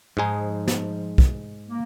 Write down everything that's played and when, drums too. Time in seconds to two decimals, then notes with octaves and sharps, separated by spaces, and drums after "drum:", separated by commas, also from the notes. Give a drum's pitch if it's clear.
0.17 G#2 F3 G#3 D#4 G#4
0.68 drum: snare
1.18 drum: kick
1.68 A#3